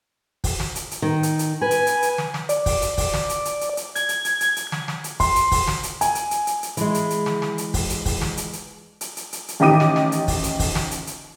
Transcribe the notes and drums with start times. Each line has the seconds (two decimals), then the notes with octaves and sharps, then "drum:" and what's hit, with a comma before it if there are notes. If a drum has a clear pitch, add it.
0.44 drum: kick, open hi-hat
0.60 drum: snare
0.75 drum: hi-hat
0.91 drum: hi-hat
1.02 D#3
1.23 drum: hi-hat
1.39 drum: hi-hat
1.62 B4 G#5
1.71 drum: hi-hat
1.87 drum: hi-hat
2.02 drum: hi-hat
2.18 drum: snare
2.34 drum: snare
2.49 D5, drum: hi-hat
2.66 drum: kick, open hi-hat
2.82 drum: hi-hat
2.98 drum: kick, open hi-hat
3.14 drum: snare
3.29 drum: hi-hat
3.45 drum: hi-hat
3.61 drum: hi-hat
3.77 drum: hi-hat
3.96 G#6, drum: hi-hat
4.09 drum: hi-hat
4.25 drum: hi-hat
4.41 drum: hi-hat
4.56 drum: hi-hat
4.72 drum: snare
4.88 drum: snare
5.04 drum: hi-hat
5.20 C6, drum: kick, open hi-hat
5.36 drum: hi-hat
5.52 drum: kick, open hi-hat
5.67 drum: snare
5.83 drum: hi-hat
6.01 G#5, drum: hi-hat
6.15 drum: hi-hat
6.31 drum: hi-hat
6.47 drum: hi-hat
6.63 drum: hi-hat
6.77 E3 G#3, drum: hi-hat
6.94 drum: hi-hat
7.10 drum: hi-hat
7.26 drum: snare
7.42 drum: snare
7.58 drum: hi-hat
7.74 drum: kick, open hi-hat
7.90 drum: hi-hat
8.06 drum: kick, open hi-hat
8.21 drum: snare
8.37 drum: hi-hat
8.53 drum: hi-hat
9.01 drum: hi-hat
9.17 drum: hi-hat
9.33 drum: hi-hat
9.48 drum: hi-hat
9.60 A1 D#3 G4 D#5 D6 D#7
9.80 drum: snare
9.96 drum: snare
10.12 drum: hi-hat
10.28 drum: kick, open hi-hat
10.44 drum: hi-hat
10.59 drum: kick, open hi-hat
10.75 drum: snare
10.91 drum: hi-hat
11.07 drum: hi-hat